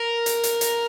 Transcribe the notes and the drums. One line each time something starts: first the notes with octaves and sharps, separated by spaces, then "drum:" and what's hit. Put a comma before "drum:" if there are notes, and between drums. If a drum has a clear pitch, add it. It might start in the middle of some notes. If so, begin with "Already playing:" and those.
Already playing: A#4
drum: hi-hat
drum: hi-hat
drum: hi-hat